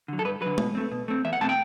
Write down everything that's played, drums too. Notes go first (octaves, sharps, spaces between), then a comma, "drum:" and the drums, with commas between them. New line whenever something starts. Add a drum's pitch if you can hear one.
D3 F#3
A4
G2 B4
D3 F#3 B4
B2, drum: tom G#3
A3 C4
B2
A3 C4
E2 E5
F#5
B2 A3 C4 A5
G5